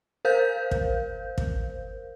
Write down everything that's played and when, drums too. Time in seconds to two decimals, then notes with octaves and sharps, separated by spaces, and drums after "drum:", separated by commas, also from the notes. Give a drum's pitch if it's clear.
0.25 A#4 C5 F5 G6
0.71 drum: kick
1.38 drum: kick